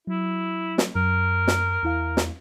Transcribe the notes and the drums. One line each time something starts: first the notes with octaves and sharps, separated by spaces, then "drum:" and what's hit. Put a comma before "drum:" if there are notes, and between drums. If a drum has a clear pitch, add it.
F#3 E4
drum: snare
F#2 A#4
drum: snare
E2 E4 F5
drum: snare